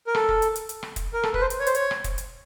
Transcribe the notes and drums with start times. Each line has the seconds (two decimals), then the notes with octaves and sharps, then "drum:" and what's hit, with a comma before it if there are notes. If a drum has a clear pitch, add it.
0.07 A#4
0.15 A4, drum: rim click
0.28 drum: kick
0.42 drum: hi-hat
0.56 drum: hi-hat
0.69 drum: hi-hat
0.83 drum: rim click
0.96 drum: kick, hi-hat
1.13 A#4
1.23 A4, drum: rim click
1.34 B4, drum: kick
1.41 C5
1.50 drum: hi-hat
1.60 C#5
1.67 C5, drum: hi-hat
1.75 C#5, drum: hi-hat
1.91 drum: rim click
2.04 drum: kick, hi-hat
2.18 drum: hi-hat